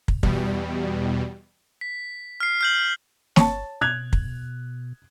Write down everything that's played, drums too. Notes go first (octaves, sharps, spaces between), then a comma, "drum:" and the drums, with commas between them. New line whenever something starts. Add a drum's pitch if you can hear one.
drum: kick
E2 B2 G3, drum: kick
B6
F6 C7
F6 G6 F#7
G1 C#5 A5, drum: snare
B2 F#6 G#6 F7
drum: kick